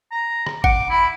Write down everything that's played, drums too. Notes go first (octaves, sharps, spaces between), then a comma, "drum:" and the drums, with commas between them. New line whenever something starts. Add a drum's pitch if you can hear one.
A#5
drum: rim click
F#5 D6, drum: kick
E4 B5